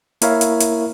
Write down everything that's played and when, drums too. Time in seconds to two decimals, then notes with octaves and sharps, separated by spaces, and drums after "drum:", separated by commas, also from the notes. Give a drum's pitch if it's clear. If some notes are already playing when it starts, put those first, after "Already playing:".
0.22 A#3 E4 A#4 C#5 E5 F5, drum: hi-hat
0.41 drum: hi-hat
0.60 drum: hi-hat